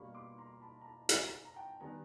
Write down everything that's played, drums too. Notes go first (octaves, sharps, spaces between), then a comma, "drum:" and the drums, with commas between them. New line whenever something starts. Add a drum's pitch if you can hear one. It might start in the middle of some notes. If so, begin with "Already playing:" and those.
Already playing: B2 G3 A#3 D4 B5 C#6
C6 D6
A#5 C6
C6
A5 B5
A#5
A5 B5
G#5 A#5, drum: hi-hat
A#5
G5 A5
D#3 G3 B3 D4 G#5 A#5